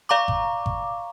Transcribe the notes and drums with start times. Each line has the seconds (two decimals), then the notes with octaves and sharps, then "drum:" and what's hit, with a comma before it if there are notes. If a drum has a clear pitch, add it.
0.09 D5 F5 A#5 C#6 D6
0.28 drum: kick G#1
0.66 drum: kick G#1